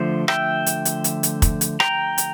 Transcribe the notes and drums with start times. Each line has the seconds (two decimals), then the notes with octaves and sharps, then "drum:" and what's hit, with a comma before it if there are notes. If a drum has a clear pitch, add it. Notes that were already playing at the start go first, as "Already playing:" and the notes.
Already playing: D3 F3 A3 C5
0.28 E5 G5, drum: rim click
0.66 drum: hi-hat
0.85 drum: hi-hat
1.04 drum: hi-hat
1.23 drum: hi-hat
1.42 drum: kick, hi-hat
1.61 drum: hi-hat
1.80 G5 A#5, drum: rim click
2.18 drum: hi-hat